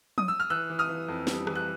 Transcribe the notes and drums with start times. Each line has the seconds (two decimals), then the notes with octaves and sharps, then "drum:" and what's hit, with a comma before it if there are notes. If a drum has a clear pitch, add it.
0.18 D#6, drum: tom F3
0.28 E6
0.40 F6
0.50 E3 E6 F#6
0.70 E3
0.79 D#6 F6
0.89 E3
1.08 F2
1.27 G3, drum: snare
1.47 E3, drum: rim click
1.55 F#6